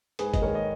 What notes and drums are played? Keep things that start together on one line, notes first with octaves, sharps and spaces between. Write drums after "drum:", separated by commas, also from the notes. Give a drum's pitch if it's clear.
G#2 G#4 B4, drum: hi-hat
D#5, drum: kick, hi-hat
D#3 G#3 A#4 C#5
D#5